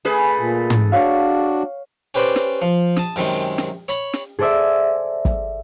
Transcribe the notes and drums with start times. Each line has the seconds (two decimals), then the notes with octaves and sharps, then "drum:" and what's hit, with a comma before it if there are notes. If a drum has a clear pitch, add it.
0.05 A3 G#4 B4
0.39 A#2
0.70 drum: tom
0.92 D4 F#4 C#5 F5
2.14 C#4 G4 B4 C5 D5
2.36 drum: snare
2.62 F3
2.97 A5 D#6, drum: snare
3.16 F#2 C3 D#3 G#3, drum: open hi-hat
3.58 drum: snare
3.88 C#5 B5, drum: hi-hat
4.13 drum: snare
4.39 G#4 A4 C5 D5 E5
5.25 drum: kick